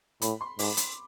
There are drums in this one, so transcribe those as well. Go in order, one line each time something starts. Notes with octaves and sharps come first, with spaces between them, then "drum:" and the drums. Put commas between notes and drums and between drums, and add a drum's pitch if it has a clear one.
A2 B5, drum: hi-hat
C6
G#2 D6, drum: open hi-hat
drum: hi-hat